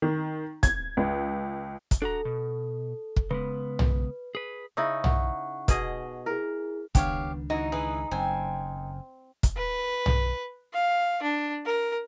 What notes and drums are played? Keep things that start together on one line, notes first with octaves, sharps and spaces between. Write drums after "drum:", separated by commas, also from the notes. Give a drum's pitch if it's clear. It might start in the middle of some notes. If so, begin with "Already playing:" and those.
D#3
G#6, drum: kick, hi-hat
C#2
drum: kick, hi-hat
D4 F#4 A4 A#5
B2
drum: kick
C#3 G#3 B3 B4
drum: tom
G#4 B4
C#3 D#4 E4 C#6
F#5 C#6, drum: tom
B2 G#4 D#5, drum: kick, hi-hat
E4 G#4 A#4
C#2 D#3 B3 D4 G4 C#5 F5, drum: kick, hi-hat
E3 D#4 F#4
E3 G#4 B4
F#1 F#2 C4 G#5
drum: kick, hi-hat
B4
drum: tom
F5
D4
A#4